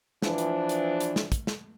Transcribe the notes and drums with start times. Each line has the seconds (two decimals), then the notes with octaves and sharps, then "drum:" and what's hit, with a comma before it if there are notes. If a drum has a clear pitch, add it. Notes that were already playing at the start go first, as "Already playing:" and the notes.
0.22 E3 F3 D4, drum: snare
0.38 drum: hi-hat
0.69 drum: hi-hat
1.00 drum: hi-hat
1.16 drum: snare
1.32 drum: kick, hi-hat
1.47 drum: snare